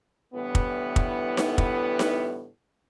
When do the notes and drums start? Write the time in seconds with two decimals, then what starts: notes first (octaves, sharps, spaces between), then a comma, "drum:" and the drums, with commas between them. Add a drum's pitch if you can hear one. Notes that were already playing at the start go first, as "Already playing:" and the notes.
0.34 A2 D3 E3 G3 B3
0.55 drum: kick
0.96 drum: kick
1.37 drum: snare D#4
1.58 drum: kick
1.99 drum: snare D#4